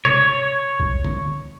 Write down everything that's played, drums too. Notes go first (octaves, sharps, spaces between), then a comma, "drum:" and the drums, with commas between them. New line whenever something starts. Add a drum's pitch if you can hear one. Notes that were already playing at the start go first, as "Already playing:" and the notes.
C#5, drum: tom
drum: kick B1
drum: tom D3